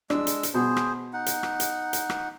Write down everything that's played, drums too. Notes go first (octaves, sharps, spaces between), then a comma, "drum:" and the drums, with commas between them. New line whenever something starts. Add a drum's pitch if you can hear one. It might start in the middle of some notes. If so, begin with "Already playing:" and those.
G#3 D4 E6, drum: rim click
drum: hi-hat
drum: hi-hat
B2 G#4 C5
drum: rim click
D#4 F#5
drum: hi-hat
drum: rim click
drum: hi-hat
drum: hi-hat
drum: rim click